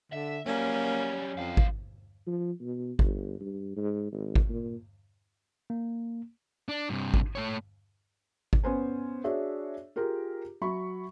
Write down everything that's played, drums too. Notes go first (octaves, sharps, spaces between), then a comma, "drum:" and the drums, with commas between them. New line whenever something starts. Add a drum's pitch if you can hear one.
D3 E5
F#3 G3 A#3 C#4
F2 F#3 F5
drum: kick G#1
F3
B2
G1, drum: kick G#1
G2
G#2
G#1
drum: kick G#1
A#2
A#3
D4
G2 C3
drum: kick G#1
A3 C#5
drum: kick G#1
B3 C#4 C5 G#5
D4 F#4 G#4 C#5 E5
F4 G4 G#4 A#4
F#3 E5 B5 C#6